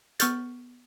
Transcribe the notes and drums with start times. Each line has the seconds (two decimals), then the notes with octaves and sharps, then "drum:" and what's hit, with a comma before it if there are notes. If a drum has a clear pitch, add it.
0.20 B3 C#6 F6 G6 A6, drum: hi-hat